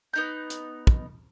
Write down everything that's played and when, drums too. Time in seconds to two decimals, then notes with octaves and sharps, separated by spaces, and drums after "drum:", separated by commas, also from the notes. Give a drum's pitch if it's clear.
0.13 B3 D#4 G6
0.50 drum: hi-hat
0.87 drum: kick